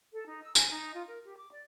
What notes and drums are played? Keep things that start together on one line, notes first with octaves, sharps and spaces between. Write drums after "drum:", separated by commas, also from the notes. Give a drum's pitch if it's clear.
A4
D#4
E6
G#5, drum: tambourine
D#4
F4
A#4
G4
D6
D5